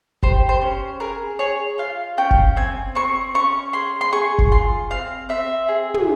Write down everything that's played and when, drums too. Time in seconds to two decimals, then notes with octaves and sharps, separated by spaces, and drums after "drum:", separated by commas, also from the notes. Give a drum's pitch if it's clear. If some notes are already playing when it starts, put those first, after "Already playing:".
0.23 G4 C5, drum: kick F#1
0.49 C5
0.62 C#4
1.00 G#4 A#4
1.39 G#4 C#5
1.78 F4 F5
2.18 C#4 G5
2.31 drum: kick F#1
2.56 C4 G#5
2.95 C4 C#6
3.34 C#4 C#6
3.73 G#4 C6
4.01 C6
4.12 G#4 C#6
4.38 drum: kick F#1
4.52 F4 C6
4.90 C4 F5
5.29 C4 E5
5.68 G#4
5.94 drum: tom